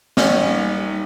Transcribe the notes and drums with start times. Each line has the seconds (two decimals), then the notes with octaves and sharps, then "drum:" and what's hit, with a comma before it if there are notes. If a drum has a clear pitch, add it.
0.17 A1 G3 A#3 C#4 D#4, drum: snare